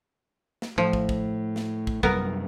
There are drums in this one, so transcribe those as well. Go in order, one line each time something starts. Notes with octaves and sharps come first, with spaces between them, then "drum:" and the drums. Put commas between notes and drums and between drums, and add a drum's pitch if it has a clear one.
drum: snare
A2 F3
drum: kick
drum: kick
drum: snare
drum: kick
F#2 C3 G3 B3 A#4, drum: kick